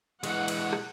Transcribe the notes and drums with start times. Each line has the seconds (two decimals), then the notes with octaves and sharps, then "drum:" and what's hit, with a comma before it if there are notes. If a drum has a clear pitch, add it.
0.24 E3 G#3 F#5, drum: cymbal
0.48 drum: cymbal
0.73 drum: rim click